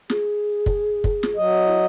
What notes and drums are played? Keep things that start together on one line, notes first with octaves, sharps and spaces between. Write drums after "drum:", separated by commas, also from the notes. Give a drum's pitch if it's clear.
G#4, drum: snare
drum: kick
drum: kick
drum: snare
F#3 D#5
E4